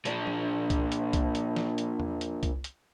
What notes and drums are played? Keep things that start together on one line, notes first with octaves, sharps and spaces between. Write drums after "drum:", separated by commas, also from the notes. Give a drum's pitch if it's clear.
A#2 D4, drum: hi-hat
drum: tom F3
drum: kick C2, hi-hat
drum: hi-hat
drum: kick C2, hi-hat
drum: hi-hat
drum: snare
drum: hi-hat
drum: tom E2
drum: hi-hat
drum: kick C2, hi-hat
drum: hi-hat